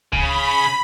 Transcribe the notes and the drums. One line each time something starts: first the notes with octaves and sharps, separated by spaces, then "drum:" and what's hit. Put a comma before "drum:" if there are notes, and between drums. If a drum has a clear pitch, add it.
C#3 B5, drum: kick C#2